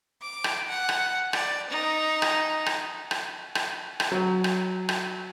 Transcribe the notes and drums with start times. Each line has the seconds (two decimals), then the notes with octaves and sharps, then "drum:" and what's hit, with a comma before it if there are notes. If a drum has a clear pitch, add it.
0.22 D6
0.44 drum: rim click
0.67 F#5
0.89 drum: rim click
1.33 D5, drum: rim click
1.71 D#4
2.22 drum: rim click
2.66 drum: rim click
3.11 drum: rim click
3.55 drum: rim click
4.00 drum: rim click
4.12 F#3
4.44 drum: rim click
4.89 drum: rim click